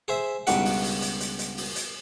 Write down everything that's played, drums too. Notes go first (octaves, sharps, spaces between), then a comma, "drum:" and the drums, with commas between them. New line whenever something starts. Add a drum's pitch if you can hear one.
G#4 C5 E5
C#2 G2 B2 D#4 G4 F#5, drum: hi-hat
drum: open hi-hat
drum: open hi-hat
drum: hi-hat
drum: hi-hat
drum: hi-hat
drum: open hi-hat
drum: hi-hat